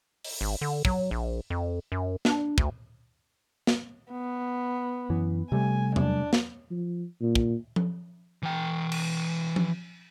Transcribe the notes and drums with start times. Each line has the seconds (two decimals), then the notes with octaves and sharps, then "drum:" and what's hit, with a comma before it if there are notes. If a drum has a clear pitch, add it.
0.24 drum: open hi-hat
0.41 G#1
0.61 D3
0.85 F#3, drum: kick
1.11 A#1
1.50 F2
1.92 F#2
2.25 D4, drum: snare
2.58 D2, drum: kick
3.67 drum: snare
4.12 B3
5.10 F#2 E3
5.52 C3 G3 A3 G#5
5.96 D4, drum: tom
6.33 drum: snare
6.71 F3
7.21 A#2
7.35 drum: kick
7.76 drum: tom F3
8.43 E3 G5
8.92 drum: cymbal
9.56 drum: tom F3